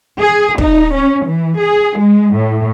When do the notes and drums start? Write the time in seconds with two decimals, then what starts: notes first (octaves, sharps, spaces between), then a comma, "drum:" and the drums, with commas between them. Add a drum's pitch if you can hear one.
0.19 G#4
0.58 D#4, drum: kick
0.92 C#4
1.26 E3
1.58 G#4
1.96 G#3
2.35 A2